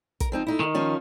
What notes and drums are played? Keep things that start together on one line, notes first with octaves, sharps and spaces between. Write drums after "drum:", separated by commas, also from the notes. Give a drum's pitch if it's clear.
A#4, drum: kick, hi-hat
F3 C4 D#4
A3 D#4 E4
D#3
F3 C#4 F4